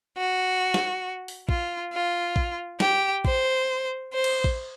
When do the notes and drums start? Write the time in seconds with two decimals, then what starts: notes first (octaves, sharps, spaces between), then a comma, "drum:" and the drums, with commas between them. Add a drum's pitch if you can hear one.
0.18 F#4
0.74 drum: snare
1.28 drum: open hi-hat
1.49 F4, drum: kick A#1
1.93 F4
2.36 drum: kick A#1
2.80 G4, drum: snare
3.25 C5, drum: kick A#1
4.12 C5
4.24 drum: cymbal
4.44 drum: kick A#1